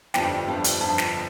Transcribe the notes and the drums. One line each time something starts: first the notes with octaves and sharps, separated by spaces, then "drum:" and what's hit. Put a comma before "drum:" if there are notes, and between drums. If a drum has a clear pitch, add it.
G1 F2 F3 D4 G4 G5, drum: snare
G1 F2 F3 D4 G4
drum: hi-hat
G1 F2 D3 F3 A5
drum: snare